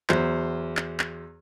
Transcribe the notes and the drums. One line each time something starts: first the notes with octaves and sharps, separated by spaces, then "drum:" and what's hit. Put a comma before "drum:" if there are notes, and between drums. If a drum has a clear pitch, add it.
E2 F#3 C5, drum: clap
drum: clap
drum: clap